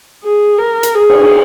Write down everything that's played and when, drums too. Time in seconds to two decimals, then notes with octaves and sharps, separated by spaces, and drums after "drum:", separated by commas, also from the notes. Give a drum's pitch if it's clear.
0.24 G#4
0.58 A#4
0.83 drum: hi-hat
0.94 G#4
1.10 drum: cymbal